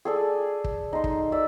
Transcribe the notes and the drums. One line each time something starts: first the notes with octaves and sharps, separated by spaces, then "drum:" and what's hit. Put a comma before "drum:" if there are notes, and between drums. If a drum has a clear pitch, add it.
G#4 A4 D5
drum: kick
D#4 C6
drum: kick
D5 E5 D#6